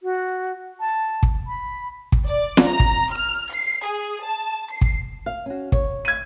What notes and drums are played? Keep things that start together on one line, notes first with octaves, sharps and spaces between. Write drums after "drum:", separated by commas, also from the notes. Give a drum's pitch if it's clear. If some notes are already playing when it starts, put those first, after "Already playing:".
F#4
A5
drum: kick
B5
drum: kick
D5
drum: snare
A#5
drum: kick
F6
C7
G#4
A5
C7
drum: kick
F5
C#4 F#4
C#5, drum: kick
G#6 D#7